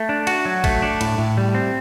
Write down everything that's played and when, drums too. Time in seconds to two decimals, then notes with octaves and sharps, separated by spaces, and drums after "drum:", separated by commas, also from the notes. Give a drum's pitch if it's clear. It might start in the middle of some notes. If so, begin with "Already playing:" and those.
Already playing: A3
0.09 D4
0.27 F#4, drum: cymbal
0.45 F#3
0.64 A3, drum: kick A1, cymbal
0.82 D4
1.01 A2, drum: cymbal
1.18 A2
1.37 G3
1.55 C4